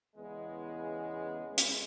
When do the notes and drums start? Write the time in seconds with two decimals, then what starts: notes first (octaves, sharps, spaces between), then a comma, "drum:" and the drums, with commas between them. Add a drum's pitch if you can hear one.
0.15 E2 C#3 G#3 B3
1.45 C#3 E3 G#3
1.58 drum: hi-hat